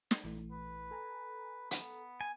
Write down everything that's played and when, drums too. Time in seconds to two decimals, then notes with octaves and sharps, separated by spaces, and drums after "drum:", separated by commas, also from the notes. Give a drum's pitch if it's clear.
0.11 drum: snare
0.24 A#1 E3 A3
0.51 B4
0.91 A4 G#5 A#5
1.71 B3, drum: hi-hat
2.21 G#5